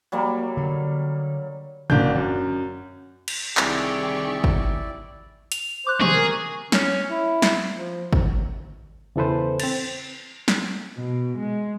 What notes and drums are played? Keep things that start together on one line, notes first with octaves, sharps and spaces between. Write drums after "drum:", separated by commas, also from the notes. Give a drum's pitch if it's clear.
F#3 G3 A#3
D3
F#1 D4 G6, drum: tom
F#2
drum: cymbal
C2 D#3 E4 G4 G#4 D5 C#6, drum: clap
drum: kick
F7, drum: hi-hat
C5 D6 F#6
C3 G#4 C#6, drum: tom
A#4
C#4, drum: snare
E4
drum: snare
F3
drum: kick
E2 C#3 E3 A4 B4 C5
C4 A6, drum: cymbal
drum: snare
B2
G#3